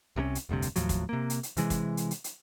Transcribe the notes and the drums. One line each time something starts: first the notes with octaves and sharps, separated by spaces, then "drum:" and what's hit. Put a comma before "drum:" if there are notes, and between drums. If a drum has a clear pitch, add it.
C2 C3 F#3 C#4
drum: hi-hat
F1 D2 G2 C3
drum: hi-hat
D#2 A2 F3 F#3, drum: hi-hat
drum: kick, hi-hat
C3 A#3
drum: hi-hat
drum: hi-hat
C3 E3 G#3, drum: hi-hat
drum: kick, hi-hat
drum: hi-hat
drum: hi-hat
drum: hi-hat